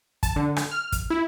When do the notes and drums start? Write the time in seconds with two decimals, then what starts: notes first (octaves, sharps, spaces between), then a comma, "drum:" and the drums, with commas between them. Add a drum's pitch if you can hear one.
0.23 A5, drum: kick, hi-hat
0.36 D3
0.56 drum: rim click
0.71 F6
0.92 drum: kick, hi-hat
1.10 E4